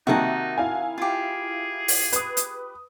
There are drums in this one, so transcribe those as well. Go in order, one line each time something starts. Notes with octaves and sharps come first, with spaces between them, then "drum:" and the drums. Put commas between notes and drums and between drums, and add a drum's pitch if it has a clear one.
C3 D#3 A#3 D#4 F#4 E5 F#5 A5
E4 F5 G#5
F4 G4 G#4
drum: open hi-hat
B4 D#6, drum: hi-hat
drum: hi-hat